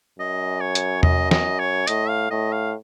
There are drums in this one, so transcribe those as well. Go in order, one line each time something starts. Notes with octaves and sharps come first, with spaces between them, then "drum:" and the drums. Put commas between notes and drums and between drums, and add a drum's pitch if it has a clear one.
F#2 D#5
C#5
drum: hi-hat
D#5, drum: tom E2
D#5, drum: snare
C#5
A2 D#5, drum: hi-hat
F5
A2 D#5
F5